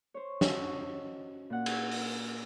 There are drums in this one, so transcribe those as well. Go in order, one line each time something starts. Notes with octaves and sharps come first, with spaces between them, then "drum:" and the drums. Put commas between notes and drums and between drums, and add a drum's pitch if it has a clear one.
C5 C#5
C#4 F#4 C#5 D#5 A5 E6, drum: snare
A#2 F#5
drum: cymbal
drum: open hi-hat